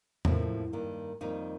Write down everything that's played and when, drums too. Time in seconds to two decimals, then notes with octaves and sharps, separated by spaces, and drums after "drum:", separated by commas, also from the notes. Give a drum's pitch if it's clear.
0.25 A2 F3 A#3, drum: tom E2
0.73 G2 D#3 A#3
1.21 F2 D#3 G3 A#3 D#4